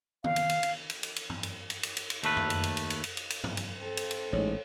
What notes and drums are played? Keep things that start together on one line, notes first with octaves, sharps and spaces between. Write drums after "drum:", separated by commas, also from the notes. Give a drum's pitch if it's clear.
F5, drum: tom
drum: cymbal
drum: cymbal
drum: cymbal
drum: cymbal
drum: cymbal
drum: cymbal
drum: tom G2
drum: cymbal
drum: cymbal
drum: cymbal
drum: cymbal
drum: cymbal
D#2 A3 B4, drum: cymbal
drum: tom F2
drum: cymbal
drum: cymbal
drum: cymbal
drum: cymbal
drum: cymbal
drum: cymbal
drum: cymbal
drum: tom G2
drum: cymbal
C4 A4
drum: cymbal
drum: cymbal
A1 G#2 C#5